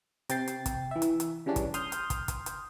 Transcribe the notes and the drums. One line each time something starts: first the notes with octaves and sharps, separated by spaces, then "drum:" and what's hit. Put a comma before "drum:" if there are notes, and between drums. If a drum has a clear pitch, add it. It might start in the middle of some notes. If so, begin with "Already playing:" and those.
C3 G5 A6 C7, drum: hi-hat
drum: hi-hat
drum: kick, hi-hat
E3 E5
drum: hi-hat
drum: hi-hat
C#3 E3 G3 C#4 D4
drum: kick, hi-hat
C6 D#6 F6 G6, drum: hi-hat
drum: hi-hat
drum: kick, hi-hat
drum: kick, hi-hat
drum: hi-hat